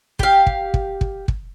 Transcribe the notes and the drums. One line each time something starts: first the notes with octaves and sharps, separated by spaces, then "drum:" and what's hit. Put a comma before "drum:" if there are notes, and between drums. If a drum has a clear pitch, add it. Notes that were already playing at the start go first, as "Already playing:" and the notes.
G4 F5, drum: kick
drum: kick
drum: kick
drum: kick
drum: kick